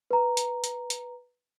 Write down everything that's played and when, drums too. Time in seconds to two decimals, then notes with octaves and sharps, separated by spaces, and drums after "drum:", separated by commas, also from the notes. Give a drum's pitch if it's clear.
0.11 B4 A#5
0.37 drum: hi-hat
0.64 drum: hi-hat
0.90 drum: hi-hat